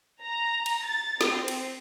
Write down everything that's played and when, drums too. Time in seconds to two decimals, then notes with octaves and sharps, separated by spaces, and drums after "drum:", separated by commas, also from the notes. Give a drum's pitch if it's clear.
0.22 A#5
0.66 drum: cymbal
0.85 A6
1.21 C4, drum: snare
1.48 drum: cymbal